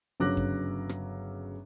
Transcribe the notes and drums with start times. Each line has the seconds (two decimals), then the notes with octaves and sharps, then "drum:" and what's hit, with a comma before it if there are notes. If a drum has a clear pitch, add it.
0.20 G1 C#3 F#3 D6 F#6 A#6
0.37 drum: kick F#2
0.89 drum: rim click